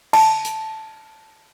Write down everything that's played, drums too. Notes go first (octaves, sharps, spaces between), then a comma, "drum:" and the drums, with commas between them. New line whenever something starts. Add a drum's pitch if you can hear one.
A5, drum: cymbal
drum: hi-hat